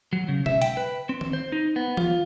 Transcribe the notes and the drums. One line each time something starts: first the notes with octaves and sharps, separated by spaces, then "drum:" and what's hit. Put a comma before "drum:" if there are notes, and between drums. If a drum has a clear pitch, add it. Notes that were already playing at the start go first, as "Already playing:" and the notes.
F#3
C#3
E5, drum: tom B2
G5, drum: hi-hat
B4
C4
drum: tom D#3
C5
D#4
B3
F4, drum: tom E3